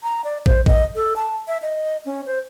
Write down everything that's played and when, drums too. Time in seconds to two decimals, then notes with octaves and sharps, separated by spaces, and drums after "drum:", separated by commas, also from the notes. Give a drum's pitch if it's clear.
0.03 A#5
0.24 D5
0.46 C5, drum: kick
0.66 D#5, drum: kick
0.95 A4
1.16 A5
1.48 E5
1.62 D#5
2.06 C#4
2.26 C5